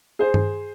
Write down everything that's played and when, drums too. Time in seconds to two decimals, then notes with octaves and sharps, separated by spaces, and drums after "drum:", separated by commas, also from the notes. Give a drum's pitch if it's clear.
0.19 G#4 C5
0.34 drum: tom G2